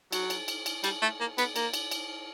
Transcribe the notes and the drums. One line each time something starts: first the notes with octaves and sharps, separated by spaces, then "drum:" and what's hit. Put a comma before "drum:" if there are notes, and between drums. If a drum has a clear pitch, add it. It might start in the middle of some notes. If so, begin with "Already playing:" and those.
F#3, drum: cymbal
drum: cymbal
drum: cymbal
drum: cymbal
G3, drum: cymbal
A3
A#3
B3, drum: cymbal
A#3, drum: cymbal
drum: cymbal
drum: cymbal